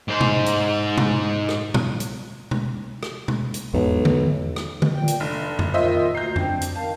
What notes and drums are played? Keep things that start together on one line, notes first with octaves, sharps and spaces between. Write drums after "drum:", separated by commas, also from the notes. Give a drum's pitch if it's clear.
G#2 C5
drum: tom B2
drum: hi-hat
drum: tom B2
drum: rim click
drum: tom A#2
drum: hi-hat
drum: tom B2
drum: rim click
drum: tom B2
drum: hi-hat
B1 E2 G#2 E3
drum: tom
drum: rim click
drum: tom
A#2 G5
drum: hi-hat
F1 D4
drum: tom F2
A#2 D#3 F4 C5 D#5 E5
D2 A#5 G6 C7
C4 D4, drum: tom F2
drum: hi-hat
D#3 F5 A5